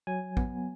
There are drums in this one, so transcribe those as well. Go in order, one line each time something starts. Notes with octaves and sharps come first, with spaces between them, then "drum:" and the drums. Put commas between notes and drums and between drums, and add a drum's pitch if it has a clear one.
F#3 G#5
B3, drum: kick